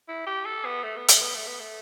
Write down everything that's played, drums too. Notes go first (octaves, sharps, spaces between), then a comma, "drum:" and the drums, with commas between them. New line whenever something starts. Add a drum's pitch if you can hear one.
E4
G4
A4
B3
A3
B3
A3, drum: hi-hat
B3
A3
B3
A3